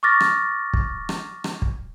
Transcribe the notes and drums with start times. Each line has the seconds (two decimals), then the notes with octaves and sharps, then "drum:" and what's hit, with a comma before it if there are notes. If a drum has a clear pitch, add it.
0.03 C#6 D6 F6 A6 A#6
0.20 drum: rim click
0.73 drum: kick
1.09 drum: rim click
1.44 drum: rim click
1.62 drum: kick